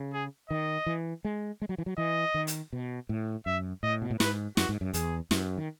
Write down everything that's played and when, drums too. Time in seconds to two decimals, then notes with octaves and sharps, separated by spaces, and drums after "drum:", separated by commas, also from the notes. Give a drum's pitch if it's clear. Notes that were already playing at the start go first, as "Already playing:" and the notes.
Already playing: C#3
0.13 G#4
0.50 D#3 D#5
0.86 E3
1.25 G#3
1.62 G#3
1.69 F#3
1.78 E3
1.86 F#3
1.98 E3 D#5
2.34 D#3
2.47 drum: hi-hat
2.73 B2
3.09 A2
3.46 F#2 E5
3.83 A2 D#5
4.02 B2
4.10 A2
4.20 G#2 B4, drum: snare
4.57 F#2 F#4, drum: snare
4.69 G#2
4.81 F#2
4.93 E2 G#4, drum: hi-hat
5.31 F#2, drum: snare
5.57 D#3